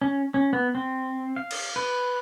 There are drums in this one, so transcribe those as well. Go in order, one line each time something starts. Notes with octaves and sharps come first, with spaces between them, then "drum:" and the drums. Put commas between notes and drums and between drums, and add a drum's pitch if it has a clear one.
C#4
C#4
B3
C4
F5
drum: cymbal
B4